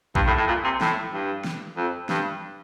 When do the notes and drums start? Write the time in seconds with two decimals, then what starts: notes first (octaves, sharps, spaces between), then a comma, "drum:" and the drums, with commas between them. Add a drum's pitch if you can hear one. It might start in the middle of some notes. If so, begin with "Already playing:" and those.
0.15 G2, drum: kick
0.27 A2
0.38 A2
0.47 A#2
0.64 C3
0.81 A2, drum: snare
1.12 G2
1.44 drum: snare
1.77 F2
2.09 G2, drum: snare